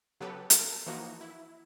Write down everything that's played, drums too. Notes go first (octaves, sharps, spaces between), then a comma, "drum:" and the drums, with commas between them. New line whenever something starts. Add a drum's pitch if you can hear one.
C#3 F#3 B3 G4 A4 B4
A4 A#4, drum: hi-hat
E3 F3 A#3 D#4 F#4
E4